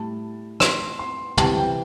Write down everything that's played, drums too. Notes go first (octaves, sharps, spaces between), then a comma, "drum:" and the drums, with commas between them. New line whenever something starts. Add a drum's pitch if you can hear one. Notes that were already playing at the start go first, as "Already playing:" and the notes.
Already playing: A2 G3 A5
C6, drum: rim click
C6
C3 E3 G3 A5, drum: tom
G5